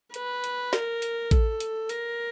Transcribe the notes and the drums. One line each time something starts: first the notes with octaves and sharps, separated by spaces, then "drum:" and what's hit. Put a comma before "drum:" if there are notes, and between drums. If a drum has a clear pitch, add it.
B4, drum: hi-hat
drum: hi-hat
A#4, drum: snare
drum: hi-hat
A4, drum: kick A1, hi-hat
drum: hi-hat
A#4, drum: hi-hat